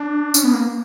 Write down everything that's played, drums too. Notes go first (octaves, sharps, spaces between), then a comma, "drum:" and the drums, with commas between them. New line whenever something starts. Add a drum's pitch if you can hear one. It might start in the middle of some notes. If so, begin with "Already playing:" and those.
Already playing: D4
C#4, drum: tambourine
B3
A#3